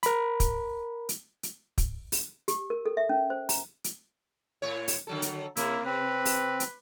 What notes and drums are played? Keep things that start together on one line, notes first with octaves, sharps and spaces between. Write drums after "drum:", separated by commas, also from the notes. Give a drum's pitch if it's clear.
A#4 B5, drum: hi-hat
drum: kick, hi-hat
drum: hi-hat
drum: hi-hat
drum: kick, hi-hat
drum: open hi-hat
G4, drum: hi-hat
A#4
A4
E5
C#4
C5
A#5, drum: open hi-hat
drum: hi-hat
A2 C#5
drum: open hi-hat
D3 F#3 A4
drum: hi-hat
C3 A#3 E4, drum: hi-hat
C4 B4
drum: open hi-hat
drum: hi-hat